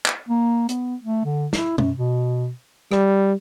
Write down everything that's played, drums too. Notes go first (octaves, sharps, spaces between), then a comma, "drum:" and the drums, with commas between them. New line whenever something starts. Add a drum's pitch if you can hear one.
drum: clap
A#3
B3, drum: hi-hat
A3
D3
E4, drum: snare
F#2, drum: tom B2
B2
G3, drum: rim click